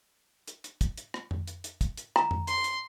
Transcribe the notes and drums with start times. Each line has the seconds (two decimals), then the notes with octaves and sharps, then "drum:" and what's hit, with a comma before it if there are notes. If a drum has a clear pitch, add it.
0.48 drum: hi-hat
0.64 drum: hi-hat
0.81 drum: kick, hi-hat
0.98 drum: hi-hat
1.14 drum: rim click
1.31 drum: tom F2
1.47 drum: hi-hat
1.64 drum: hi-hat
1.81 drum: kick, hi-hat
1.97 drum: hi-hat
2.16 A#5, drum: rim click
2.31 drum: tom F2
2.47 C6, drum: hi-hat
2.64 drum: hi-hat